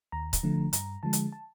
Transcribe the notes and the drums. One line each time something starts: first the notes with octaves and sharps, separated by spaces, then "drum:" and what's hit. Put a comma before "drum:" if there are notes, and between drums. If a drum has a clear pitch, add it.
D#2 A#5
drum: kick C#1, hi-hat
D3 F3 A3
G2 A#5, drum: hi-hat
D3 F3 G#3 A5
drum: hi-hat
A5